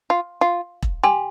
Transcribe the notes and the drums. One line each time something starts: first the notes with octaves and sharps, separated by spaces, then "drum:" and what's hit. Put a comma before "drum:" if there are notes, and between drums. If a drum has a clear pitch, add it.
F4
F4
drum: kick E1
G4 G#5 C6